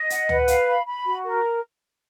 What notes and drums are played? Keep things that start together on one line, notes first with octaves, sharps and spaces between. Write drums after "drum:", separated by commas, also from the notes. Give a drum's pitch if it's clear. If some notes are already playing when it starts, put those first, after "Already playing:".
Already playing: D#5
F#5, drum: hi-hat
B4, drum: tom
F5, drum: hi-hat
B5
B5
F#4
A#4